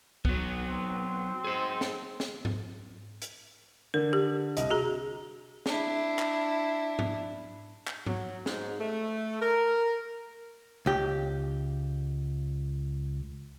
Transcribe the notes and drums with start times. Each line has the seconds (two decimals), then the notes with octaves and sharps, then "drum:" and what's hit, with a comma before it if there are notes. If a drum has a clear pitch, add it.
0.25 F#3 B3, drum: kick
0.68 C4
1.44 G#4 C5
1.81 drum: snare
2.20 drum: snare
2.45 drum: tom G#2
3.22 drum: hi-hat
3.94 D3 A#4
4.13 G4
4.57 C2 D#5, drum: hi-hat
4.71 F#4 G#4 A#5
5.66 D4 E4, drum: snare
6.19 drum: clap
6.99 drum: tom G#2
7.87 drum: clap
8.06 F#3, drum: tom G#2
8.46 G#2, drum: snare
8.79 A3
9.42 A#4
10.86 C#2 G4